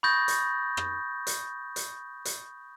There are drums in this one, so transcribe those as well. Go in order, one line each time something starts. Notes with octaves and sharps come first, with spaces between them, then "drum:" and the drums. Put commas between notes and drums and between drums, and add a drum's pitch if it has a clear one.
B5 C#6 D#6 G6 A6 A#6
drum: hi-hat
drum: rim click
drum: hi-hat
drum: hi-hat
drum: hi-hat